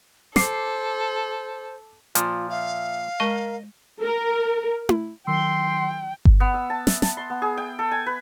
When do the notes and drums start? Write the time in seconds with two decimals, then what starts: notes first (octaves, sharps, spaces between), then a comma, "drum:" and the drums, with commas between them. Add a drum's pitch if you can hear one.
0.36 A4 C5 D6 C7, drum: snare
2.15 A#2 F3 F4, drum: hi-hat
2.50 E5 F5
3.20 G#3 A#4 D#5 A5 C#6
4.03 A#4
4.89 drum: tom E4
5.27 D#3 F#3 G5 C6 E6
6.25 drum: kick G1
6.40 B3
6.54 E6
6.70 A5
6.87 E5, drum: snare
7.02 A5, drum: snare
7.17 C6
7.30 B3
7.42 G#4
7.57 G5
7.79 A4
7.91 G#5
8.06 B4